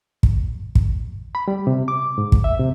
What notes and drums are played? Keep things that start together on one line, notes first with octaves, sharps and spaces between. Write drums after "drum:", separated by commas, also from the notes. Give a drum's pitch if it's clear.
drum: kick
drum: kick
B5
G3
C3
D6
G#2
drum: kick
E5
C3